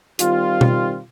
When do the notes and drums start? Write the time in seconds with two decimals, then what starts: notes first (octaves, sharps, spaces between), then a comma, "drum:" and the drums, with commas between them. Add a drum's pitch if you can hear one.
0.19 D#3 G3 C4 F4, drum: hi-hat
0.61 drum: tom B2